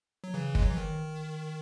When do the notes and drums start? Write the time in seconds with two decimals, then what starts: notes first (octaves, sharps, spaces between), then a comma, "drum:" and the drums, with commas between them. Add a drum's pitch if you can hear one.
0.24 F#3
0.34 C#3 E3
0.55 G#3, drum: kick
0.62 F#3
0.70 E3
0.77 D#3